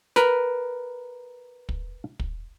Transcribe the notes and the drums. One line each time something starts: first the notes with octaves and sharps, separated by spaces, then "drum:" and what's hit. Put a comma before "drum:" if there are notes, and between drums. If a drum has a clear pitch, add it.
A#4 B4, drum: snare
drum: kick
drum: kick